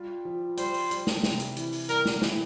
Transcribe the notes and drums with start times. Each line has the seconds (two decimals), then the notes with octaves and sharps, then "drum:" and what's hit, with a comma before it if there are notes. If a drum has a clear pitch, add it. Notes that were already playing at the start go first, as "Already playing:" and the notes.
Already playing: G3 F4
0.25 F3
0.57 G3 C5, drum: hi-hat
0.74 drum: open hi-hat
0.91 G3, drum: hi-hat
1.07 drum: snare
1.23 C3, drum: snare
1.40 drum: hi-hat
1.56 E3, drum: hi-hat
1.73 drum: open hi-hat
1.89 G3 A#4, drum: hi-hat
2.05 drum: snare
2.22 E3, drum: snare